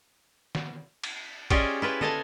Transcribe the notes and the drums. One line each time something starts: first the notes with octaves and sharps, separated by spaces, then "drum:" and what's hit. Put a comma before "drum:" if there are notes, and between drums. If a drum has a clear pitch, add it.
drum: snare
drum: cymbal
C#4 F4 G4 G#4 D5 D#5, drum: kick A1, cymbal
E4 F4 B4
A4 D#5 F5 G#5 A5, drum: tom